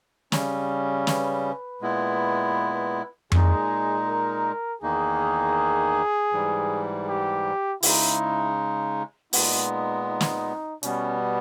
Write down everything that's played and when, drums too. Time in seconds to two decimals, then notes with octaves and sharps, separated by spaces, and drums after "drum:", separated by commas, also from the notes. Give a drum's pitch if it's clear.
0.32 C#3 G3 C#4, drum: snare
1.07 B4, drum: snare
1.81 A#2 G#3 B3 E4
3.32 A#2 G#3 D#4 G#4, drum: tom F2
4.07 A#4
4.82 E2 D#3 A#3 D#4 G#4
6.32 G#2 E3 G3
7.07 G4
7.83 C#3 G#3 D#4 E4, drum: open hi-hat
9.33 A#2 G#3 B3 D#4, drum: open hi-hat
10.07 D#4
10.21 drum: snare
10.83 B2 G3 B3 C#4, drum: hi-hat